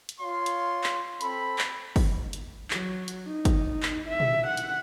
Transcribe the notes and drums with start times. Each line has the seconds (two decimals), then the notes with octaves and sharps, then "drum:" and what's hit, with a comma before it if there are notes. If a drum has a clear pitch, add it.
0.09 drum: hi-hat
0.20 F4 C#5 F5 C6
0.46 drum: hi-hat
0.84 drum: clap
1.21 C4 A4 B5, drum: hi-hat
1.58 drum: clap
1.96 drum: kick, open hi-hat
2.33 drum: hi-hat
2.71 F#3, drum: clap
3.08 drum: hi-hat
3.27 D#4
3.45 drum: kick, hi-hat
3.83 drum: clap
4.09 E5
4.20 drum: tom A#2
4.47 F#5
4.57 drum: hi-hat